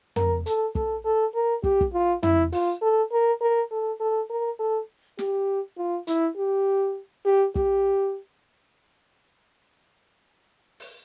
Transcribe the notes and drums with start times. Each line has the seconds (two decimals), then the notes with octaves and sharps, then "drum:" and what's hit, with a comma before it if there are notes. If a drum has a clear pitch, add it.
0.16 A#4, drum: tom
0.46 A4, drum: hi-hat
0.75 A4, drum: kick
1.05 A4
1.35 A#4
1.64 G4, drum: kick
1.81 drum: kick
1.93 F4
2.23 E4, drum: tom
2.52 F4, drum: open hi-hat
2.82 A4
3.12 A#4
3.41 A#4
3.71 A4
4.00 A4
4.30 A#4
4.59 A4
5.19 G4, drum: snare
5.78 F4
6.07 E4, drum: hi-hat
6.37 G4
7.26 G4
7.55 G4, drum: kick
10.80 drum: open hi-hat